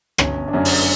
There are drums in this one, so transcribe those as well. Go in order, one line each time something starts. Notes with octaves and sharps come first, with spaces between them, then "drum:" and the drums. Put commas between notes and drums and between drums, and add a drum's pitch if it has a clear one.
G1 C#4, drum: rim click
D4
F#2 D3 C#4
drum: open hi-hat